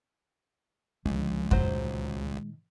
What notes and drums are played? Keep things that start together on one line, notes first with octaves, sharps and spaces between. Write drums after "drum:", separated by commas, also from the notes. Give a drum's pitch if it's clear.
C#2 D3 F3 G#3
A#2 D#3 F#3 C5, drum: kick F2